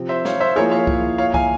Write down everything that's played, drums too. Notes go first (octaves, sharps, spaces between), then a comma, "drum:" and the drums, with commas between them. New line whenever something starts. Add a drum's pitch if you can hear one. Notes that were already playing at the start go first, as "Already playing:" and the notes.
Already playing: C3 F3 C4
C5 E5
C#5 F5, drum: snare
C5 E5
F3 A#3 E4 G#4 A#4 C#5
C#5 F5
drum: kick C2
C#5 F5
F5 G#5, drum: kick C2